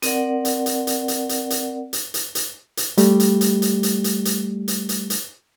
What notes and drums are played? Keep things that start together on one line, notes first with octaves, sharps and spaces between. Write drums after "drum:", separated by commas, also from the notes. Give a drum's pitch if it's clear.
C4 A#4 D5 F#5, drum: hi-hat
drum: hi-hat
drum: hi-hat
drum: hi-hat
drum: hi-hat
drum: hi-hat
drum: hi-hat
drum: hi-hat
drum: hi-hat
drum: hi-hat
drum: hi-hat
G3 A3 G4, drum: hi-hat
drum: hi-hat
drum: hi-hat
drum: hi-hat
drum: hi-hat
drum: hi-hat
drum: hi-hat
drum: hi-hat
drum: hi-hat
drum: hi-hat